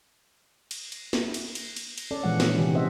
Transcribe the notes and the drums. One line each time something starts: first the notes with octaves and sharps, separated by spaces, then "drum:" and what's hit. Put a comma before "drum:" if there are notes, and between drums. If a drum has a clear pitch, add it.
drum: cymbal
drum: cymbal
drum: snare
drum: cymbal
drum: cymbal
drum: cymbal
drum: cymbal
C#4 A4 D5
A#2 E3 F3 G#3 F4 F#5
C#4 D#4, drum: snare
C3 D#3 E3 G4
B3 G4 C5 D#5 E5 F#5